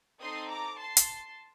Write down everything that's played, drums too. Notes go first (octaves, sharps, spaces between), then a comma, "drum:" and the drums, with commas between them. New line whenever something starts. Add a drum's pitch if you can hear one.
C4 D#4 A4 C6 D#6
A#5 D6
A5 C6
drum: hi-hat